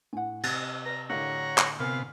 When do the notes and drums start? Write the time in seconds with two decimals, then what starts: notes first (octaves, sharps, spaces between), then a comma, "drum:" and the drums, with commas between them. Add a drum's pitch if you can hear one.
0.13 A2 F#5 G#5
0.43 C3, drum: cymbal
0.85 B4 D5 A#5
1.10 A2 D3 G4 A#4 C#5 F5 F#5 A#5
1.58 drum: clap
1.80 C3 B3 A#4 F5 G#5 A5